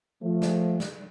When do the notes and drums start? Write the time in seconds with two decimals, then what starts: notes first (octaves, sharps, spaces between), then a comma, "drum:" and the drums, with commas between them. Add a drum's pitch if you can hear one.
0.23 F3 A3
0.42 drum: snare
0.80 drum: snare